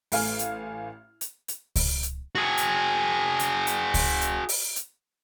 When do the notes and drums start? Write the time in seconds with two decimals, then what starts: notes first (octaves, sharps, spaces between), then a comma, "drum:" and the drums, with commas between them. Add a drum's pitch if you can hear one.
0.12 A1 A3 F5 G#5 F6, drum: open hi-hat
0.39 drum: hi-hat
1.21 drum: hi-hat
1.48 drum: hi-hat
1.76 drum: kick C#2, open hi-hat
2.03 drum: hi-hat
2.35 F#4 G#4
2.57 drum: hi-hat
3.39 drum: hi-hat
3.67 drum: hi-hat
3.94 drum: kick C#2, open hi-hat
4.21 drum: hi-hat
4.49 drum: open hi-hat
4.76 drum: hi-hat